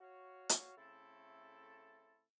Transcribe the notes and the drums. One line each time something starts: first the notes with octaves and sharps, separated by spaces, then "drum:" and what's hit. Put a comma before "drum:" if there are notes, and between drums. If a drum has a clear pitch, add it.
F#4 C#5 F5
drum: hi-hat
C#3 A3 C4 E4 A4